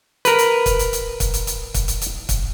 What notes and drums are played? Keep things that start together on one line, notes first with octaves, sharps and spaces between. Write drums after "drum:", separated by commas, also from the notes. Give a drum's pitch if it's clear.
A#4 B4, drum: hi-hat
drum: hi-hat
drum: kick, hi-hat
drum: hi-hat
drum: hi-hat
drum: kick, hi-hat
drum: hi-hat
drum: hi-hat
drum: kick, hi-hat
drum: hi-hat
drum: hi-hat
drum: kick, hi-hat